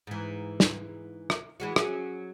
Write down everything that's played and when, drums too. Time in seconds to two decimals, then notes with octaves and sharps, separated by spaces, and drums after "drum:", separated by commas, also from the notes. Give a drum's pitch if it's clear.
0.07 G#2 E3
0.60 drum: snare
1.30 drum: rim click
1.60 E3 G#3 F#4
1.76 F#3 C#4 G#4, drum: rim click